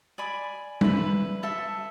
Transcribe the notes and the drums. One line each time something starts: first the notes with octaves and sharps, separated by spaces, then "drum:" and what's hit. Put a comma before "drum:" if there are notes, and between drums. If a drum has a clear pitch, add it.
D5 G#5 B5
B4 E5 B5, drum: tom G3
A4 E5 A5